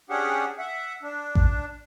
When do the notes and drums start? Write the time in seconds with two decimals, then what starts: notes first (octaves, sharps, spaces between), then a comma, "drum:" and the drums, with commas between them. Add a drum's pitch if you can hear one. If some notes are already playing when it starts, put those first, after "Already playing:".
0.10 C#4 D4 G4 G#4 F#5
0.59 E5 F#5
1.02 D4
1.35 drum: kick A1